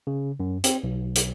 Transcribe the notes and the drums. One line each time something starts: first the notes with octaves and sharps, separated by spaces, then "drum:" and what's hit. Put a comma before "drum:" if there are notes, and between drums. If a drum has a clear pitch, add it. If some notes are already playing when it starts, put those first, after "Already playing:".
C#3
F#2
C4, drum: hi-hat
B1
drum: hi-hat